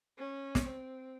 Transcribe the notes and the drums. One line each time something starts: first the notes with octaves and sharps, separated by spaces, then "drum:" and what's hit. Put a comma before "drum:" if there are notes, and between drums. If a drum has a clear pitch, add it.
C#4
drum: snare
C4